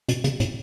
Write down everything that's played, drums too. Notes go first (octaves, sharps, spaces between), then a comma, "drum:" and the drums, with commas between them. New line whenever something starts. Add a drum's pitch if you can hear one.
B2, drum: hi-hat
C#3, drum: hi-hat
A2, drum: hi-hat